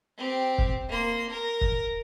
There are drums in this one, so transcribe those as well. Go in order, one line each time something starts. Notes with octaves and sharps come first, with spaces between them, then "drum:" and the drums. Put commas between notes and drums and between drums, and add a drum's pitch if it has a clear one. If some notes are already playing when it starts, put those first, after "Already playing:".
C4 G4
drum: kick
A#3 C6
A#4
drum: kick